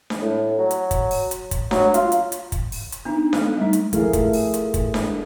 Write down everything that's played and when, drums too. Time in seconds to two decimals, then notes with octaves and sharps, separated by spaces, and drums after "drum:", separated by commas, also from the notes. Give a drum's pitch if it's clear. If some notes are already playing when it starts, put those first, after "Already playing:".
0.10 drum: snare D4
0.22 A2
0.59 F#3
0.71 drum: hi-hat
0.91 drum: kick, hi-hat
1.11 drum: open hi-hat
1.31 drum: hi-hat
1.51 drum: kick, hi-hat
1.71 F#3, drum: snare D4
1.94 F4, drum: hi-hat
2.12 drum: hi-hat
2.32 drum: hi-hat
2.52 drum: kick, hi-hat
2.72 drum: open hi-hat
2.92 drum: hi-hat
3.05 B3 D4 D#4
3.33 A3 B3 A4, drum: snare D4
3.57 G3 G#3 D#4
3.73 drum: hi-hat
3.93 F3 A3 E4 G#4 A#4 F5, drum: hi-hat
4.13 drum: kick, hi-hat
4.33 drum: open hi-hat
4.54 drum: hi-hat
4.74 drum: kick, hi-hat
4.94 drum: snare D4